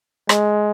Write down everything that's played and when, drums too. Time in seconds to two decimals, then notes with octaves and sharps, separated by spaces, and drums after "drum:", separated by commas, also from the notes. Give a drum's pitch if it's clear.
0.29 G#3, drum: rim click